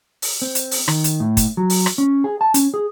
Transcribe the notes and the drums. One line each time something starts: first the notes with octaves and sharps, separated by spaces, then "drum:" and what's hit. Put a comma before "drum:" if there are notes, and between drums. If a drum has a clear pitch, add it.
drum: open hi-hat
C4
drum: hi-hat
drum: open hi-hat
D#3, drum: rim click
drum: hi-hat
A2
drum: kick, hi-hat
F#3
drum: open hi-hat
drum: rim click
C#4
G#4
A5
C#4, drum: hi-hat
G#4